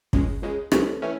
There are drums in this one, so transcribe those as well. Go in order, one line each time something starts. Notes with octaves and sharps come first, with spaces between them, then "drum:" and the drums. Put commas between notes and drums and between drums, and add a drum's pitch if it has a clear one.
C#2 C#3 G#3, drum: kick
C#2 C#3 G#3
C2 C3 E3 A3 C#4, drum: rim click
E3 A3 C#4